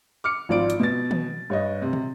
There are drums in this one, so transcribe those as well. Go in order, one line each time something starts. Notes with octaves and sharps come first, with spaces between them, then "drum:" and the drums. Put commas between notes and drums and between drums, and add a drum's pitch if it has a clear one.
D6 F6 C#7
G#1 F3 D5 D7
drum: hi-hat
B2 A6
drum: tom D#3
G2 C#5 D#5
C3
drum: tom